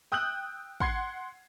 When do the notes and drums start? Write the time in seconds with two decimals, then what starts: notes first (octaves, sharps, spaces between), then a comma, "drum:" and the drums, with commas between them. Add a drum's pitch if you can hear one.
0.12 G5 D#6 E6 F#6 G6 F#7
0.80 F#5 C6 G#6 C7, drum: kick